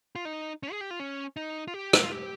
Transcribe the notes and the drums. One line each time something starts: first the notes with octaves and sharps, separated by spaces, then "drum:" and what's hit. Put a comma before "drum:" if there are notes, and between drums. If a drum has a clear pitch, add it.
F4
D#4
C#4
G#4
G4
F4
C#4
D#4
F4
G4
drum: rim click
F4
G4